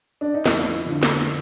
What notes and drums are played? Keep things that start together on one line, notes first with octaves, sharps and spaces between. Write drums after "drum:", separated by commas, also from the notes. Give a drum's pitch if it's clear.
D4
D#4
F2 E4, drum: snare
D3 F3
drum: snare